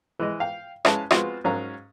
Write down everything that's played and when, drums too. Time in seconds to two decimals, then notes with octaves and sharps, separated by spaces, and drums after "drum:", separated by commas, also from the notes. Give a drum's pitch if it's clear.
0.19 E3 G#3 D#5
0.40 F5 G5
0.85 G#3 C#4 E4 B4 F5 A5, drum: rim click
1.11 G#3 B3 C4 F4 F#4, drum: rim click
1.44 G#2 F#3 C#4 A#4 F5 A#5